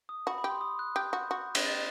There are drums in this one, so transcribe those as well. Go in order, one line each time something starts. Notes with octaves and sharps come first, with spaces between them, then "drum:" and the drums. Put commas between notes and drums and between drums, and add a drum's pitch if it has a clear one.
D#6
F#4 B5
B5
G4
C6
D#6
F#6
G4 G6
F#4
F#4
drum: cymbal
A6